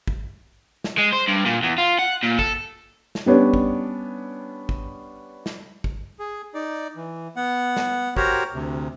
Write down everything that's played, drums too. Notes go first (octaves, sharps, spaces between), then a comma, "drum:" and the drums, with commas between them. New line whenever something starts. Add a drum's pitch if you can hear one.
drum: kick
drum: snare
G#3
C5
G2
A#2
E2
F4
F#5
A#2
A4, drum: kick
drum: snare
G3 B3 C#4 D4
drum: kick
drum: kick
drum: snare
drum: kick
G#4
D#4 D5
E3
B3 F#5
drum: snare
F#4 G4 A#4 C5 C#5 A#5, drum: kick
D2 C3